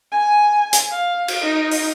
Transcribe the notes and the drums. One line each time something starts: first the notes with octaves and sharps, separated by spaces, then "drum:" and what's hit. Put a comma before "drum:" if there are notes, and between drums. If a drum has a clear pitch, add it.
G#5
drum: hi-hat
F5
drum: cymbal
D#4
drum: open hi-hat